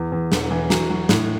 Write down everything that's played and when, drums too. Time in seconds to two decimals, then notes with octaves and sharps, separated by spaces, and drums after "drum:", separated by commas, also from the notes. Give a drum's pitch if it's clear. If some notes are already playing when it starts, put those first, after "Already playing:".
Already playing: E2
0.12 E2
0.32 E1, drum: snare
0.51 E3
0.70 F#3, drum: snare
0.90 F#3
1.09 A2, drum: snare